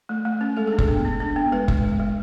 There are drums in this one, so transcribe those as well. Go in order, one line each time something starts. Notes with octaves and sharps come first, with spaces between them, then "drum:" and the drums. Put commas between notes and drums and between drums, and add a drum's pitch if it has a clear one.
A3
A3
C#4
G#3 A4
D4 G#4
A4, drum: kick F#1
B3
D4
D4
B3
G#3 B4
G#3, drum: kick F#1
G#3
G#3